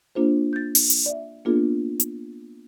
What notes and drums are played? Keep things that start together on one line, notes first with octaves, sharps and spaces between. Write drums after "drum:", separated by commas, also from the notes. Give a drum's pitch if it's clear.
A#3 D4 F4 G#4 C5
G6 A6
drum: open hi-hat
drum: hi-hat
D5 E5
A#3 B3 D4 F4 G#4 A#4
drum: hi-hat